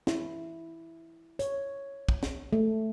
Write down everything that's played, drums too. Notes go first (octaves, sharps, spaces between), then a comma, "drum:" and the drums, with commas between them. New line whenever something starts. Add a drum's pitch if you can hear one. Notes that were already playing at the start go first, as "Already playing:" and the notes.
E4, drum: snare
C#5, drum: hi-hat
drum: kick
drum: snare
A3